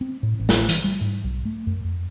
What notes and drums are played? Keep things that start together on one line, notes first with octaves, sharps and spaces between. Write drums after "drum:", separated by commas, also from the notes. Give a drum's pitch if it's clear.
C4
A2
A1
drum: snare
E3, drum: hi-hat
G3
G#2
B1
A3
F#2
F2